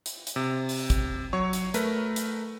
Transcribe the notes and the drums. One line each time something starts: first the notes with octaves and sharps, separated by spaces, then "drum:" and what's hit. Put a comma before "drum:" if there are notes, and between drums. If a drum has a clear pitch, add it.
drum: hi-hat
drum: hi-hat
C3
drum: open hi-hat
drum: kick, hi-hat
F#3 C#5 C#6
drum: hi-hat
A3 A#4 B4, drum: hi-hat
drum: hi-hat